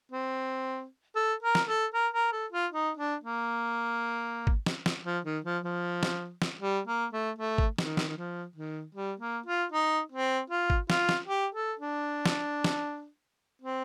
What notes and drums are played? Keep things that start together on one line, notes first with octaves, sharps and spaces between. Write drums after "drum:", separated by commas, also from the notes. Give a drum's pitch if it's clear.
C4
A4
A#4
drum: snare
A4
A#4
A#4
A4
F4
D#4
D4
A#3
drum: kick G#1
drum: snare
drum: snare
F3
D#3
F3
F3
drum: snare
drum: snare
G3
A#3
A3
A3
drum: kick G#1
D#3, drum: snare
drum: snare
D#3
F3
D#3
G3
A#3
F4
D#4
C4
F4
drum: kick G#1
F4, drum: snare
drum: snare
G4
A4
D4
drum: snare
drum: snare
C4